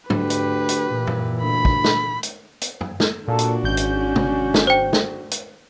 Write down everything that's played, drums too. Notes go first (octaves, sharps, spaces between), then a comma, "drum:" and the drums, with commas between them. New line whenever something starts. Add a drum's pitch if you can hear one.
D2 G4 B4, drum: tom
drum: hi-hat
drum: hi-hat
A#2 E3
drum: tom F#2
D2 B5
drum: kick
drum: snare
drum: hi-hat
drum: hi-hat
drum: tom F#2
drum: snare
A#2 D4 F#4 A4
drum: hi-hat
G#1 C#4 G6
drum: hi-hat
drum: tom
drum: snare
C5 G5
drum: snare
drum: hi-hat